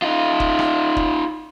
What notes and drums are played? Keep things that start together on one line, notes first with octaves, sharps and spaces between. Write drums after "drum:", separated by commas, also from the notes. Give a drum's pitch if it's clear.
D#4 F4
drum: kick
drum: rim click
drum: kick